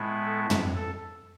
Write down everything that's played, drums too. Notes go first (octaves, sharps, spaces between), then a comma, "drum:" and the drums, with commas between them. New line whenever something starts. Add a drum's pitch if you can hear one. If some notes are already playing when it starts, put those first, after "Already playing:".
Already playing: A2 G#3 B3 E4
A4
drum: tom
A4